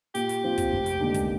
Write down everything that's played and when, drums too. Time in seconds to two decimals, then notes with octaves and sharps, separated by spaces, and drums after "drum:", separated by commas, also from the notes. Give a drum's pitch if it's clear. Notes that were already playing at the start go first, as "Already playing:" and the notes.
0.15 A#2 G4, drum: hi-hat
0.29 drum: hi-hat
0.44 F3 C4
0.58 drum: kick, hi-hat
0.71 F1
0.86 drum: hi-hat
1.01 D#2 D3 G#3
1.14 drum: kick, hi-hat